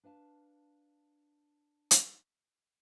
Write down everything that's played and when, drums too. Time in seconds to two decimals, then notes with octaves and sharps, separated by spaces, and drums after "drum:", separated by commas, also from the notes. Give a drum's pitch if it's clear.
0.04 D4 B4 F5 A5
1.91 drum: hi-hat